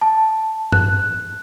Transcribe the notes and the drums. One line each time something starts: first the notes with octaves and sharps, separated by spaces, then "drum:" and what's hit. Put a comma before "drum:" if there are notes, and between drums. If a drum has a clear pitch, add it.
A5
F#6, drum: tom G2